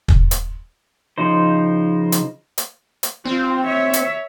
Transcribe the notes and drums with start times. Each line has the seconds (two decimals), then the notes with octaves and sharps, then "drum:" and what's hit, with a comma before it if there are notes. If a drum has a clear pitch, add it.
0.08 drum: kick
0.31 drum: hi-hat
1.18 C#3 F3 D#4 C5
2.12 drum: hi-hat
2.58 drum: hi-hat
3.03 drum: hi-hat
3.25 C4 F4 C5
3.66 C#5 E5
3.93 drum: hi-hat